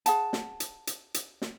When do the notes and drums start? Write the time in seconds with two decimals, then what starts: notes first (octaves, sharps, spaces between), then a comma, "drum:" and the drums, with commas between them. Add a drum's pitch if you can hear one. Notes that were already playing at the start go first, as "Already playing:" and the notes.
0.06 G#4 F#5 A5, drum: hi-hat
0.33 drum: snare
0.60 drum: hi-hat
0.87 drum: hi-hat
1.14 drum: hi-hat
1.42 drum: snare